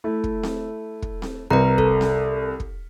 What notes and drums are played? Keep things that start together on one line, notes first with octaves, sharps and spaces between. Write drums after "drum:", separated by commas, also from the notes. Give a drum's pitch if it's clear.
A3 E4
drum: kick
drum: snare C4
drum: kick
drum: snare C4
C2 A#4 B4 A#5
A4, drum: kick
drum: snare C4
drum: kick